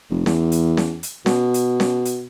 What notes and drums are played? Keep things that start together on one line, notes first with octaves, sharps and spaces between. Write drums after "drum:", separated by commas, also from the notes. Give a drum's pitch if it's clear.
F1
E2, drum: snare C#4
drum: hi-hat
drum: snare C#4
drum: hi-hat
B2, drum: snare C#4
drum: hi-hat
drum: snare C#4
drum: hi-hat